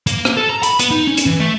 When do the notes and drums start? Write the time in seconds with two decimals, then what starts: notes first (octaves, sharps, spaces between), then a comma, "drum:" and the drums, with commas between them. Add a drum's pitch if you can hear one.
0.07 A#3, drum: hi-hat
0.25 drum: rim click
0.36 A4
0.49 A#5
0.63 B5, drum: hi-hat
0.79 B3, drum: hi-hat
0.91 D#4
1.07 C#4
1.17 drum: hi-hat
1.26 E3
1.39 A3